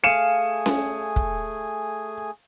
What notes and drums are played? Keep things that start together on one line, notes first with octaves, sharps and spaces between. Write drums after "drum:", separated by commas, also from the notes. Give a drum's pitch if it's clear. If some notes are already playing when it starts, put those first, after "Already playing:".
A3 G#4 F5 G#5 C#7 D#7 E7
drum: snare C#4
drum: kick